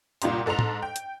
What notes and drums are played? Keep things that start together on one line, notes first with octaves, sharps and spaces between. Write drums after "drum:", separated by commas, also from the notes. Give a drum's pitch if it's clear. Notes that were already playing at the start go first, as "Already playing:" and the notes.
C2 A#2 F4 G4 A#5 C6, drum: hi-hat
G#2 A4 A#5 C6 F7
drum: tom A2
G5
drum: hi-hat